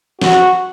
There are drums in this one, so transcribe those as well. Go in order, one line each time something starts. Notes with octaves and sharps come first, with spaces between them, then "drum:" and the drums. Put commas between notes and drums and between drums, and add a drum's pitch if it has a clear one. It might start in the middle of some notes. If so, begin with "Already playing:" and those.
F#4, drum: snare